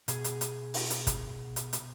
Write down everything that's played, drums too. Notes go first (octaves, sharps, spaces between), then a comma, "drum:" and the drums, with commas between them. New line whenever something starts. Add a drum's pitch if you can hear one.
B2 G#4, drum: hi-hat
drum: hi-hat
drum: hi-hat
drum: open hi-hat
drum: hi-hat
drum: kick, hi-hat
drum: hi-hat
drum: hi-hat